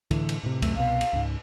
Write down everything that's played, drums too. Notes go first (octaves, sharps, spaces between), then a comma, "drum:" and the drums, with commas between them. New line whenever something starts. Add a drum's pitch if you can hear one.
A2 D3 E3, drum: kick C#2, cymbal
drum: cymbal
A2 C3
F#2 C3 A3, drum: kick C#2, cymbal
C2 B2 F5
drum: cymbal
C#2 G#2